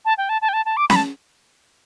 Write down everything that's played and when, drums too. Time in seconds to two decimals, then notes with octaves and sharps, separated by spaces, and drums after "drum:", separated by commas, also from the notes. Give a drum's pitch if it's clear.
0.05 A5
0.18 G5
0.29 A5
0.42 A5
0.49 G5
0.53 A5
0.66 A5
0.77 D6
0.90 B5, drum: snare C#4
0.96 A5